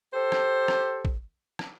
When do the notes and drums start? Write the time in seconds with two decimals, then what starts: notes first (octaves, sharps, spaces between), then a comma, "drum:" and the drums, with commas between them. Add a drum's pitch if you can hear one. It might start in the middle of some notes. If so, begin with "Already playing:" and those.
0.14 G4 A4 C5
0.32 drum: rim click
0.68 drum: rim click
1.05 drum: kick
1.59 drum: rim click